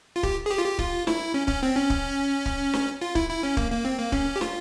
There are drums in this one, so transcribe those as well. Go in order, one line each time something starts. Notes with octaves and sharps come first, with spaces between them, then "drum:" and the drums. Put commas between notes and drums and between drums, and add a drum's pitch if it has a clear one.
F4
G4, drum: kick
G#4
G4
F4
G4
F4, drum: kick
E4, drum: snare
C#4
C#4, drum: kick
C4
C#4
drum: kick
drum: kick
drum: snare
F4
E4, drum: kick
E4
C#4
A#3, drum: kick
A#3
C4
A#3
C#4, drum: kick
G4
F4, drum: snare